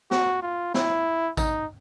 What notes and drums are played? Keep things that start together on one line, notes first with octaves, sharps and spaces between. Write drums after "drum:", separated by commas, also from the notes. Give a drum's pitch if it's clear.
F#4, drum: snare
F4
E4, drum: snare
D#4, drum: kick A1, tambourine